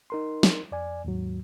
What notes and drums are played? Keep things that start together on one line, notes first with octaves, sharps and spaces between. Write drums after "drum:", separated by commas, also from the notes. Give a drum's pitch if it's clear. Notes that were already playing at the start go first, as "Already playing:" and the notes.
D#4 A#4 C6
drum: snare
F2 D5 G#5
D#2 G#2 F#3